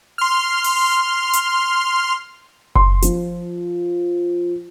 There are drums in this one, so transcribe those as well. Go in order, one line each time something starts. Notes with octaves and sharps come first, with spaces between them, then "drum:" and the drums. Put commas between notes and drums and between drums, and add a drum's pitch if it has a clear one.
C6 F6
drum: open hi-hat
drum: hi-hat
C6, drum: kick F#1
F3, drum: hi-hat